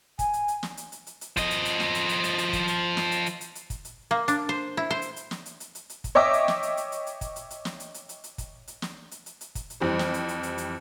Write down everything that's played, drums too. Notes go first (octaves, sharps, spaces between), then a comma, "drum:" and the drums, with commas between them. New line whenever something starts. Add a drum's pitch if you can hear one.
G#5, drum: kick, hi-hat
drum: hi-hat
drum: hi-hat
drum: snare
drum: hi-hat
drum: hi-hat
drum: hi-hat
drum: hi-hat
F3 D#5, drum: kick, hi-hat
drum: hi-hat
drum: hi-hat
drum: snare
drum: hi-hat
drum: hi-hat
drum: hi-hat
drum: hi-hat
drum: kick, hi-hat
drum: hi-hat
drum: snare
drum: hi-hat
drum: hi-hat
drum: hi-hat
drum: hi-hat
drum: kick, hi-hat
drum: hi-hat
A#3
D4, drum: hi-hat
C5
E4
C5
drum: hi-hat
drum: hi-hat
drum: snare
drum: hi-hat
drum: hi-hat
drum: hi-hat
drum: hi-hat
drum: kick, hi-hat
C#5 D#5 E5 G5 D6
drum: hi-hat
drum: snare
drum: hi-hat
drum: hi-hat
drum: hi-hat
drum: hi-hat
drum: kick, hi-hat
drum: hi-hat
drum: hi-hat
drum: snare
drum: hi-hat
drum: hi-hat
drum: hi-hat
drum: hi-hat
drum: kick, hi-hat
drum: hi-hat
drum: snare
drum: hi-hat
drum: hi-hat
drum: hi-hat
drum: kick, hi-hat
drum: hi-hat
F2 E3 G3 C5
drum: snare
drum: hi-hat
drum: hi-hat
drum: hi-hat
drum: hi-hat